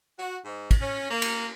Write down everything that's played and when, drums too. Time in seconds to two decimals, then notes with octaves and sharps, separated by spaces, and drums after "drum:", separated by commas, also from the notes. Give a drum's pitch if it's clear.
0.19 F#4
0.45 G#2
0.71 drum: kick, cymbal
0.81 C#4
1.11 A#3
1.22 drum: cymbal